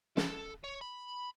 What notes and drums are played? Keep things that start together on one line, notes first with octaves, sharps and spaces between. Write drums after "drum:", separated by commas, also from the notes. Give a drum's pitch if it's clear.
A4, drum: snare
C#5
B5